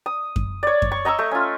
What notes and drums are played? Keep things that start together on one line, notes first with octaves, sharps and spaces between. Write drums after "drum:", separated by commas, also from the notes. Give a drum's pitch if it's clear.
D#6
drum: kick F#2
C#5 D5
drum: kick F#2
C#6
D#5 A#5 C#6 E6
A3
C#4 F4